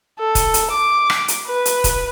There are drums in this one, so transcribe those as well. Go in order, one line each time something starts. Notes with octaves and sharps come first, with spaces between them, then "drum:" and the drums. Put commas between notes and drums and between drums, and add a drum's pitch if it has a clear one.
A4
drum: kick D#1, hi-hat
drum: hi-hat
D6
drum: rim click
drum: hi-hat
B4
drum: hi-hat
drum: kick D#1, hi-hat